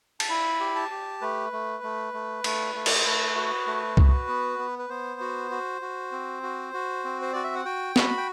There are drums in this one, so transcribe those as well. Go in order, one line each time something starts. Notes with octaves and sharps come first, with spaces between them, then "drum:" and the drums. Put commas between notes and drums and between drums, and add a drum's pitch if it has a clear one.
A5, drum: cymbal
E4 B5
G4
A5
G4
A3 B4
A3
A3
A3
A3, drum: cymbal
A3
D5, drum: cymbal
C5
A3 B4
F#4
A3
F#4, drum: kick C2
B3
B3
B4
B3 C5
F#4
F#4
F#4
C4
F#4
F#4
C4
C5
F#4 D5
E5
F#5
F#4 G5
F#4 B5, drum: snare
G5